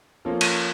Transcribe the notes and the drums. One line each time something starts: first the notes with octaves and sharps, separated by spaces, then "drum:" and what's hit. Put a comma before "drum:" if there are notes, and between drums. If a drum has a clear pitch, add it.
F3 A#3 C#4 F4 A4
drum: cymbal